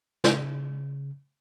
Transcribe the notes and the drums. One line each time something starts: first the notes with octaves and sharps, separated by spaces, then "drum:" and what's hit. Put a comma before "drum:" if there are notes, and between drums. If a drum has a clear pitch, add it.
C#3, drum: snare